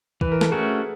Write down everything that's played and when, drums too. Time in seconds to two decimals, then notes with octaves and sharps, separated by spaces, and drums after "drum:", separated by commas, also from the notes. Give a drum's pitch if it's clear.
0.21 E3 B4, drum: kick
0.32 A#4
0.41 A4, drum: snare
0.51 A3 C#4 F#4 G#4 A#4